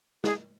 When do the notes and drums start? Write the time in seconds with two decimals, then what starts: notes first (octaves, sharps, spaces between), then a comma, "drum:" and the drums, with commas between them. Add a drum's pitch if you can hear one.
0.24 G#4, drum: snare